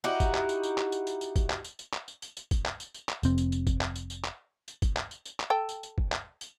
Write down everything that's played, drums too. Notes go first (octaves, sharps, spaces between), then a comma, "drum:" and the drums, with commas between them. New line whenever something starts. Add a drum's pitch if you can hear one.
D#4 E4 F#4 G4
drum: kick, tambourine
drum: clap
drum: tambourine
drum: tambourine
drum: clap
drum: tambourine
drum: tambourine
drum: tambourine
drum: kick, tambourine
drum: clap
drum: tambourine
drum: tambourine
drum: clap
drum: tambourine
drum: tambourine
drum: tambourine
drum: kick, tambourine
drum: clap
drum: tambourine
drum: tambourine
drum: clap
F1 C4, drum: tambourine
drum: tambourine
drum: tambourine
drum: kick, tambourine
drum: clap
drum: tambourine
drum: tambourine
drum: clap
drum: tambourine
drum: kick, tambourine
drum: clap
drum: tambourine
drum: tambourine
drum: clap
A4 G5
drum: tambourine
drum: tambourine
drum: kick
drum: clap
drum: tambourine